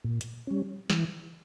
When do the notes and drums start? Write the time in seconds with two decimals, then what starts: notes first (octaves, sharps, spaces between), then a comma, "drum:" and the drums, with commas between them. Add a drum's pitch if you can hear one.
0.04 A#2
0.21 drum: hi-hat
0.47 G3 C#4
0.90 E3, drum: snare